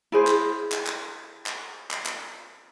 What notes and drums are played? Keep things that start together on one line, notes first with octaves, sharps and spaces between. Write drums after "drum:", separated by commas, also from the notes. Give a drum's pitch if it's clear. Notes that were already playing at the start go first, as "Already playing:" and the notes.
E4 G#4 C5
drum: clap
drum: clap
drum: clap
drum: clap
drum: clap
drum: clap